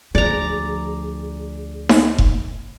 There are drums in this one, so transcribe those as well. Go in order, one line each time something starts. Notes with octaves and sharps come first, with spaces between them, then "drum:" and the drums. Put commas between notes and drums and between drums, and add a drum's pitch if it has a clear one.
D2 F3 G#4 D5 A#5
drum: snare D#4
drum: kick F1